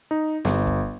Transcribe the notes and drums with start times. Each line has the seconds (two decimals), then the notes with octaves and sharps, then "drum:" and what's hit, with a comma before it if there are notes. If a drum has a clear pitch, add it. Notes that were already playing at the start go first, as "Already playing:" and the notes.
0.11 D#4
0.45 G1, drum: snare
0.67 drum: kick